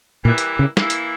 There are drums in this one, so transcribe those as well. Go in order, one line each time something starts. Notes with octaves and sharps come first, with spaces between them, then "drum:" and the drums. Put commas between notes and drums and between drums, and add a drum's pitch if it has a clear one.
A#2 E3 G3 A#3 E4 B4
drum: hi-hat
C#3
E3 A#3 E4, drum: snare
drum: hi-hat